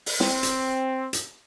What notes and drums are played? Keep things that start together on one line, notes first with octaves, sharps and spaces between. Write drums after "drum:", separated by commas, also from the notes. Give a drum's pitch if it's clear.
drum: open hi-hat
C4, drum: snare
drum: hi-hat
drum: hi-hat